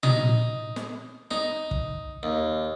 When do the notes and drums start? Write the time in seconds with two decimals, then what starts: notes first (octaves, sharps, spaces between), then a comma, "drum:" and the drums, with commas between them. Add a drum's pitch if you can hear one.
0.03 D#4, drum: tom
0.76 drum: snare
1.31 D#4, drum: snare
1.71 drum: kick
2.23 D#2